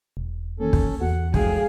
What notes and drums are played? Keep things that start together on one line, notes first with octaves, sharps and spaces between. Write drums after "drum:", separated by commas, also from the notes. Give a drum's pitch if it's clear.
E1
D#3 E3 A#3 C#4 A4
drum: kick
E2 F#4 F#5
A2 F3 G#3 D4 G#4 F5 G5, drum: kick